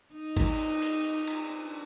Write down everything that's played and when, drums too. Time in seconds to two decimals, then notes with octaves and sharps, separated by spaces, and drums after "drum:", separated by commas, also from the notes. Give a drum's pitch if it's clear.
0.14 D#4
0.37 drum: kick G1, cymbal
0.82 drum: cymbal
1.27 drum: cymbal
1.50 D4